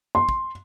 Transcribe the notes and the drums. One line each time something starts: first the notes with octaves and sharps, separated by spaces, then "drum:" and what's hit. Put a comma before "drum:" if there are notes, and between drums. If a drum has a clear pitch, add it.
C6
drum: kick